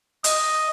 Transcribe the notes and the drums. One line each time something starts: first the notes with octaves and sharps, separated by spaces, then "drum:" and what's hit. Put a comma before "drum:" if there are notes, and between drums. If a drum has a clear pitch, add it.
D#5, drum: hi-hat